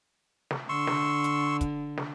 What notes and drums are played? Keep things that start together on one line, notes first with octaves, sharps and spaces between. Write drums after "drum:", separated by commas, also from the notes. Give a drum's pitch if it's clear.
drum: snare
D3 C6 C#6 E6
drum: snare
drum: hi-hat
drum: kick, hi-hat
drum: snare